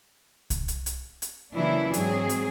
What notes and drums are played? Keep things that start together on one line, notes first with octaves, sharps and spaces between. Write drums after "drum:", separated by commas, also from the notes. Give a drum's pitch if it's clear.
drum: kick C2, hi-hat
drum: hi-hat
drum: hi-hat
drum: hi-hat
C#3 E3 F#3 A#3 D4 E4
G#2 F#3 C4 G#4, drum: hi-hat
drum: hi-hat